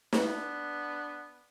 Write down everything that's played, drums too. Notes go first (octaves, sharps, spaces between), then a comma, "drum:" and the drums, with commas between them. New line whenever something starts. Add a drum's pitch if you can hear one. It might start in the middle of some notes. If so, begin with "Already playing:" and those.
drum: snare
B3 D4